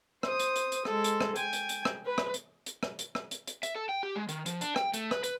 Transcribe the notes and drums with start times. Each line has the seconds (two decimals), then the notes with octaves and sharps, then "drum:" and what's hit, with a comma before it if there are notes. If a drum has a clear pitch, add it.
0.23 C5 D#6, drum: rim click
0.39 drum: hi-hat
0.56 drum: hi-hat
0.72 drum: hi-hat
0.85 G#3 A4, drum: rim click
1.04 drum: hi-hat
1.21 drum: rim click
1.36 G5 G#5, drum: hi-hat
1.53 drum: hi-hat
1.69 drum: hi-hat
1.85 drum: rim click
2.06 B4
2.18 drum: rim click
2.34 drum: hi-hat
2.66 drum: hi-hat
2.83 drum: rim click
2.99 drum: hi-hat
3.15 drum: rim click
3.31 drum: hi-hat
3.47 drum: hi-hat
3.63 E5, drum: hi-hat
3.75 A4
3.89 G5
4.03 G4
4.16 G#3
4.29 D#3, drum: hi-hat
4.46 F3, drum: hi-hat
4.61 D4, drum: hi-hat
4.76 G5, drum: rim click
4.94 A3, drum: hi-hat
5.11 B4, drum: rim click
5.24 B4, drum: hi-hat